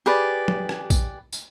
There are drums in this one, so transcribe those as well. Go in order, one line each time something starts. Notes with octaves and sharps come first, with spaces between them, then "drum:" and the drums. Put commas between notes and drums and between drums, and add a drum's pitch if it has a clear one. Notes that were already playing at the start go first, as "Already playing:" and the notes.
G4 G#4 B4 D5
drum: tom
drum: rim click
drum: kick, tambourine
drum: tambourine